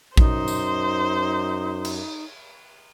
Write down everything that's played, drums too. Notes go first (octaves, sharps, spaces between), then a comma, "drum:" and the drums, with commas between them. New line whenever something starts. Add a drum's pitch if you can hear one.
F#2 D#4 C5, drum: kick A#1
drum: tambourine
drum: cymbal